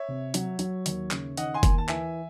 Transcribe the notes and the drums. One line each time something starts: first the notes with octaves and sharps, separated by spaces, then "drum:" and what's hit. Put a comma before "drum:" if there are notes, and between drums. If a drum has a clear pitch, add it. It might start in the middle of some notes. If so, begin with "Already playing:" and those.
Already playing: C#5 E5
C3
F#3, drum: hi-hat
F#3, drum: hi-hat
D#2, drum: hi-hat
C#3, drum: clap
D#3 D#5 F#5, drum: hi-hat
G#5 C6
D#2, drum: kick F#1, hi-hat
A5
E3 E5 G#5, drum: clap